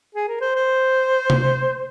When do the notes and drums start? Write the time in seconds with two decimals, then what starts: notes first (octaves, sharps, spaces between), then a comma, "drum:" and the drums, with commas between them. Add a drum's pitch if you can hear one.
0.15 G#4
0.28 A#4
0.41 C5
0.56 C5
1.30 drum: tom C3